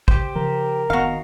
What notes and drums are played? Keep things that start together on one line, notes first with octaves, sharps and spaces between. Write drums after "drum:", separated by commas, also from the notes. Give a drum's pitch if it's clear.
G4 C5, drum: kick
C#3 F3 A#4
F1 A#2 D#3 B3 F#4 F5 A#5